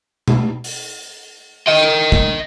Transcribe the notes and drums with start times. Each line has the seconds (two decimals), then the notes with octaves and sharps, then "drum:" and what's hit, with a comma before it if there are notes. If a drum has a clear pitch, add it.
0.28 drum: tom B2
0.64 drum: open hi-hat
1.67 D#5 G5
2.12 drum: kick